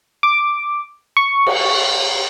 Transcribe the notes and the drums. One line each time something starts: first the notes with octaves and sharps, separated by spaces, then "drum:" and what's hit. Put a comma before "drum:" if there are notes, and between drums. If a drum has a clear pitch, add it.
D6
C#6
drum: cymbal